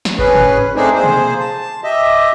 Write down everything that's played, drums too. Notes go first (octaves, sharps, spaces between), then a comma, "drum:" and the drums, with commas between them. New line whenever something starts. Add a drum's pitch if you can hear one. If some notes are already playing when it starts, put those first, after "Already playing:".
drum: snare
C#4 G#4 B4, drum: kick G1
drum: tom
A3 C4 D4 D#4 G#4
A#3 G#4 C5
drum: tom
A5
G4 D#5 E5